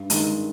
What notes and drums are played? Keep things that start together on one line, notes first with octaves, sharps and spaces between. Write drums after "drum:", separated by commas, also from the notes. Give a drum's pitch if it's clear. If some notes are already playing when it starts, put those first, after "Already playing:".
Already playing: G2
D#3 G#3, drum: hi-hat